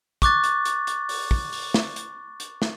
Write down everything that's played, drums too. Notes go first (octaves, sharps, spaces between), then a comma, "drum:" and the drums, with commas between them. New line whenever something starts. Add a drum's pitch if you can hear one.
C#6 D6 F#6 A6, drum: kick, hi-hat
drum: hi-hat
drum: hi-hat
drum: hi-hat
drum: open hi-hat
drum: kick
drum: open hi-hat
drum: snare
drum: hi-hat
drum: hi-hat
drum: snare